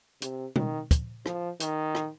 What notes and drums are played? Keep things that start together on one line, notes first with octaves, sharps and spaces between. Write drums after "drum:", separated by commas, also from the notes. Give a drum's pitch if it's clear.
C3, drum: hi-hat
D#3, drum: tom B2
drum: kick, hi-hat
F3, drum: rim click
D#3, drum: hi-hat
drum: rim click